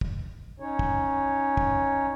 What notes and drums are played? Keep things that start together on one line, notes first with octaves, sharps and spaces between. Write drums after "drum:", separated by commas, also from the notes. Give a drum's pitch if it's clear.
drum: kick
C#4 D#4 C#5
drum: kick
drum: kick